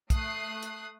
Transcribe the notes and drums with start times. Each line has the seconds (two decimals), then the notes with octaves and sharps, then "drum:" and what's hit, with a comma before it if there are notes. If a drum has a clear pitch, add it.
0.10 A3 D#6 F#6 C7, drum: kick, hi-hat
0.63 drum: hi-hat